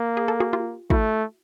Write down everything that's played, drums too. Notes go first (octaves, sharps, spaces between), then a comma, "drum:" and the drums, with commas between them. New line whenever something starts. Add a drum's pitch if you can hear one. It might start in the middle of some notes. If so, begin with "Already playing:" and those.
Already playing: A#3
G#4
A4
F#4 G#4
F4 G4
A3 E4 F#4, drum: kick